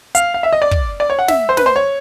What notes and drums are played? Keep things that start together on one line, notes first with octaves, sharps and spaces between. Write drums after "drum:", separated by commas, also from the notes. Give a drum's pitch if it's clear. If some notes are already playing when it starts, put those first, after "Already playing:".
F5, drum: hi-hat
F5
E5
D#5
D5
drum: kick
D5
C#5
F#5
E5, drum: snare
C5
B4, drum: snare
C5
C#5